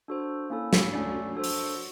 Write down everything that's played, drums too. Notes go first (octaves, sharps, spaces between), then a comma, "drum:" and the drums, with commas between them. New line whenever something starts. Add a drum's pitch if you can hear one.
D4 F#4 A4 C5
A#3 C#4 E4 A4
drum: snare
A3 C#4 F#4 A4 D5
D4 F#4 A4 C5
drum: open hi-hat
F#4